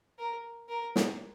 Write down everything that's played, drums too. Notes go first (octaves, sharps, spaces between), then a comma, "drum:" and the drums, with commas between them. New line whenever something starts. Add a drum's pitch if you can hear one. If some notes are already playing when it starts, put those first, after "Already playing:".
A#4
A#4
drum: snare